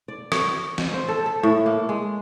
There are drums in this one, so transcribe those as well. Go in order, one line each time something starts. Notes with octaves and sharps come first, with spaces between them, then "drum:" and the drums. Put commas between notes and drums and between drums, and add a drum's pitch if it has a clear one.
D5
C#5, drum: rim click
drum: snare
C5
A4
A4
A2
A#3
G#3